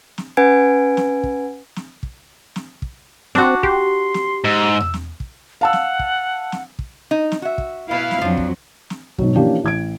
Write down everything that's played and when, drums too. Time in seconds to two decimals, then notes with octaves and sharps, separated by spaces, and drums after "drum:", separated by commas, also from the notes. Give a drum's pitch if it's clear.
0.18 drum: snare
0.37 C#4 B4 F#5 G#5 G#6 D7
0.97 drum: snare
1.23 drum: kick
1.76 drum: snare
2.03 drum: kick
2.56 drum: snare
2.82 drum: kick
3.35 C4 D4 F#4, drum: snare
3.63 G4 C6, drum: kick
4.14 drum: snare
4.44 G#2 E6
4.80 drum: tom E2
4.94 drum: snare
5.20 drum: kick
5.61 F5 F#5 A5 E6
5.73 drum: snare
5.99 drum: kick
6.52 drum: snare
6.79 drum: kick
7.11 D#4
7.32 drum: snare
7.42 F#4 E5
7.58 drum: kick
7.91 B2 E4 B4 F5
8.11 drum: snare
8.21 F2 F3 F#3 D4
8.37 drum: kick
8.90 drum: snare
9.18 G#2 B2 F#3, drum: kick
9.36 E3 F3 A#3 C#4 D4 G4
9.64 A1 G#6 D7